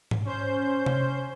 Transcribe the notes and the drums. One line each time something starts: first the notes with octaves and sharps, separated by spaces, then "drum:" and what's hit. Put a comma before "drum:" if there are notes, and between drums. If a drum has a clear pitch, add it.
drum: tom G#2
C#4 C5 G6
drum: tom C3